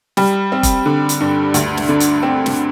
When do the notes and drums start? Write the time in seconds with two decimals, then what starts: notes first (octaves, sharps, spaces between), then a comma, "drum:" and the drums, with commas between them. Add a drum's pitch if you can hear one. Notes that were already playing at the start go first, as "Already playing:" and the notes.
0.17 G3, drum: snare
0.52 C4
0.63 drum: kick F1, hi-hat
0.86 D3
1.09 drum: hi-hat
1.21 G2
1.54 D2, drum: hi-hat
1.77 drum: snare
1.89 D3
2.00 drum: hi-hat
2.23 C4
2.46 drum: snare